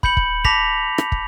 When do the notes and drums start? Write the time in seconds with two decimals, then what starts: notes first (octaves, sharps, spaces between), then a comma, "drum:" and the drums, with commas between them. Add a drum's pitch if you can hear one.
0.03 B5 G6 C#7 F#7, drum: kick
0.17 drum: kick
0.44 A5 B5 D6 A#6 B6 F7, drum: kick
0.98 drum: rim click
1.12 drum: kick